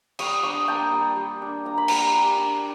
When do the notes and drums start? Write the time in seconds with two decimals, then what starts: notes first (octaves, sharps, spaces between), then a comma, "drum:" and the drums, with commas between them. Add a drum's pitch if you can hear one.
0.19 G3 C#6 D#6, drum: cymbal
0.43 D4 C#6 D#6
0.68 A#3 G5 A5
0.92 G3
1.16 G3
1.42 D4
1.65 A#3 A#5
1.77 B5
1.88 G3 G#5 A#5, drum: cymbal
2.15 G3
2.38 D4